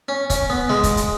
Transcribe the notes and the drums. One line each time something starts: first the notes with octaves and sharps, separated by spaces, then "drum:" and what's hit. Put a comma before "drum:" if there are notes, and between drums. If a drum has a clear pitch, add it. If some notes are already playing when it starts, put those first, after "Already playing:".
C#4
C#4, drum: kick C#1, hi-hat
B3
G#3, drum: snare
drum: kick C#1, hi-hat
drum: hi-hat